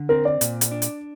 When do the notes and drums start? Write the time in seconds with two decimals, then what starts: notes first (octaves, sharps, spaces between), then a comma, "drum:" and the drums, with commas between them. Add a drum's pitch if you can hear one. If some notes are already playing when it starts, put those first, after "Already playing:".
Already playing: D3
0.09 C4 A#4
0.25 D5
0.41 A#2, drum: hi-hat
0.61 drum: hi-hat
0.71 D4
0.82 drum: hi-hat